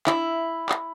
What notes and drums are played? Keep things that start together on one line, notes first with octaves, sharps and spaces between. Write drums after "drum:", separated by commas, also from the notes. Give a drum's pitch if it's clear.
E4, drum: clap
drum: clap